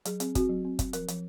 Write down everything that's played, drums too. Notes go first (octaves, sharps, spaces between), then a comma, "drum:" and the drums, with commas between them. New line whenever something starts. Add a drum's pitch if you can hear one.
F#3 G#4, drum: hi-hat
C4 G#4, drum: hi-hat
C4 F#4, drum: kick, hi-hat
F#3
C4
C4, drum: kick, hi-hat
F3 A#4, drum: hi-hat
F3, drum: hi-hat